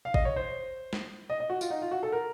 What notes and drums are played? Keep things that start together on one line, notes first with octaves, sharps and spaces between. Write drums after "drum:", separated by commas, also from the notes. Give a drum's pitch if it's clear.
F5
D#5, drum: kick G#1
C#5
C5
drum: snare
D#5
D#5
F#4
F4, drum: tambourine
D#4
F4
F#4
A4
A#4